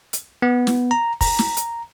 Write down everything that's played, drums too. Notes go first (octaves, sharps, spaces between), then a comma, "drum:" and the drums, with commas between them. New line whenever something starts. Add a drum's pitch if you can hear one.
drum: hi-hat
B3
drum: snare
A#5
A#5, drum: kick, open hi-hat
drum: snare
drum: hi-hat